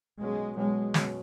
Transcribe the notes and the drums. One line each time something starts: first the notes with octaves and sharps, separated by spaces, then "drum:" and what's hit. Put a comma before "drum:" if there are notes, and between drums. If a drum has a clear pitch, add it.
B2 F#3 G#3 C#4
B2 F#3 G#3 C#4
B2 F#3 C#4, drum: snare